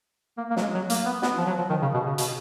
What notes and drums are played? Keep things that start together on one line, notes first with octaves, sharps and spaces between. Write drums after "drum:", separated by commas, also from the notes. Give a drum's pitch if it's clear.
A#3
A#3
F#3, drum: snare
G#3
F#3
A#3, drum: hi-hat
B3
B3, drum: snare
F3
F#3
F3
D#3
C#3
B2
C#3
B2, drum: hi-hat